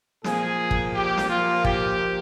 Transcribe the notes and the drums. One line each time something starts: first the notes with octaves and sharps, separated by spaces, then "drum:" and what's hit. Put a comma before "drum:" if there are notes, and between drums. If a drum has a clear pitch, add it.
A#2 F3 G#4, drum: snare
drum: kick
G4
drum: snare
F4
G4, drum: kick